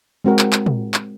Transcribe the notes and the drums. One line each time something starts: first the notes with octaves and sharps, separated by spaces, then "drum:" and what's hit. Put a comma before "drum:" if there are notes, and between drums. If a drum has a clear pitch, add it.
G#3 C4 F#4 A#4
drum: clap
drum: clap
drum: tom
drum: clap